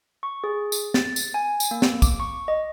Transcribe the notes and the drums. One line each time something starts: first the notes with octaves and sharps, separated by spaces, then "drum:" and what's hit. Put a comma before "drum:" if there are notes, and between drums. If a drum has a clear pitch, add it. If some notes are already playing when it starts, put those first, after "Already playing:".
C#6
G#4
drum: tambourine
A6, drum: snare
drum: tambourine
G#5
drum: tambourine
A#3
drum: snare
D6, drum: kick, tambourine
C#6
D#5